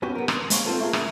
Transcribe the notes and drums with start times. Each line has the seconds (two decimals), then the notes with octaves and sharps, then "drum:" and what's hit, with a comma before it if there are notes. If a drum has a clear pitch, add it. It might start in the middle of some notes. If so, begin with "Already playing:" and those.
0.02 F2 B3 C#4 F#4 G4
0.15 B3 A#4
0.28 C6, drum: rim click
0.50 G#3 A#3 C5 C#5 F5, drum: hi-hat
0.65 C4 F4 G4 A4 B4
0.80 A3 A#3 F4 G#4 A#4
0.93 drum: rim click